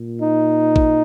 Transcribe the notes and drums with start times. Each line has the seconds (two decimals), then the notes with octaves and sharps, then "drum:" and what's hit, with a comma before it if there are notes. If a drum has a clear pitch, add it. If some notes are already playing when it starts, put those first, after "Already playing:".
Already playing: A#2
0.23 D#4
0.76 drum: kick